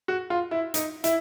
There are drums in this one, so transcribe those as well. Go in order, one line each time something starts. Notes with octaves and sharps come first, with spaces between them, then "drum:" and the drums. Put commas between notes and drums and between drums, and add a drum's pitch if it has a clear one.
F#4
F4
E4
D#4, drum: hi-hat
E4, drum: hi-hat